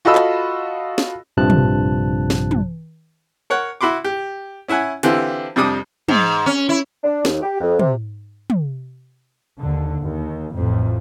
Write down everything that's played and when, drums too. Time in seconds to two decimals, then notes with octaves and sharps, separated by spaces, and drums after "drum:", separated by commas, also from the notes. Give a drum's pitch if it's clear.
0.05 F4 F#4 A4 D#5 B5 E6
0.15 drum: clap
0.98 drum: snare
1.37 A#1 G2 C3 F3 A5 F#6
1.50 drum: tom
2.30 drum: snare
2.51 drum: tom
3.50 A#4 C#5 F#5
3.81 E4 F#4 B5 C6 D6
4.04 G4
4.68 C#4 E4 E5 F#5 G#5
5.03 D3 E3 C4 E4 F4 G4, drum: hi-hat
5.56 F2 C3 G3 D4 D6 D#6
6.08 G#2, drum: tom
6.46 C#4
6.69 E4
7.04 D4
7.25 D#2, drum: snare
7.42 G4
7.61 F2
7.79 C3, drum: tom
8.50 drum: tom
9.59 D#2 D3
10.02 D#2
10.54 A1 F2 A2